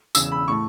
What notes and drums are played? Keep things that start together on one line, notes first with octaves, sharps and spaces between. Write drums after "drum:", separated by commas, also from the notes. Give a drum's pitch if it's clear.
E1 E2 C#3 E6, drum: tambourine
B5
A2 A3 C#6